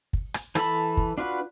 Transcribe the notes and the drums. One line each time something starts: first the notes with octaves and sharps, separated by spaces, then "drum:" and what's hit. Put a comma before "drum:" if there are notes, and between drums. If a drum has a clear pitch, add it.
drum: kick
drum: rim click
E3 A4 A5 B5, drum: rim click
drum: kick
D4 F4 F#4 B4